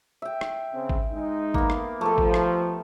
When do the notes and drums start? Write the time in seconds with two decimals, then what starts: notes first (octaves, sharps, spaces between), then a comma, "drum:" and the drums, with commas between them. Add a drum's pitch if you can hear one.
0.22 E5 G5
0.41 drum: rim click
0.73 C#3 C4
0.89 drum: kick G#1
1.12 G#3 D#4
1.54 A#3 B3, drum: kick G#1
1.70 drum: rim click
2.01 F3 A3 G4 A4
2.18 drum: kick G#1
2.34 drum: rim click